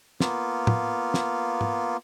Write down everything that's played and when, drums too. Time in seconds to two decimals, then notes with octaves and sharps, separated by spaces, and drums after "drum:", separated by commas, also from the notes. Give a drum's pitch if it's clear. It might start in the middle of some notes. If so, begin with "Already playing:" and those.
0.20 A#3 B3 F4, drum: snare
0.67 drum: tom
1.14 drum: snare
1.61 drum: tom